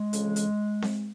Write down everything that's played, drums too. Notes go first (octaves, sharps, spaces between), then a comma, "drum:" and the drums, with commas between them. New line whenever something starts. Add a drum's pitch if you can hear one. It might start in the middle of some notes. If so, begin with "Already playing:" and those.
Already playing: G#3
F2 C#3 E3, drum: hi-hat
drum: hi-hat
drum: snare C4